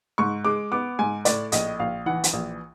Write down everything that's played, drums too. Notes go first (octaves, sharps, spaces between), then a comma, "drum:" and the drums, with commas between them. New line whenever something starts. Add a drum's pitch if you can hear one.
G#2 C#6
G#3 D6
B3 D6
G#2 G#5
A2 D5, drum: hi-hat
A#1 D#5, drum: hi-hat
A#1 F5
E3 F#5
drum: hi-hat
A#1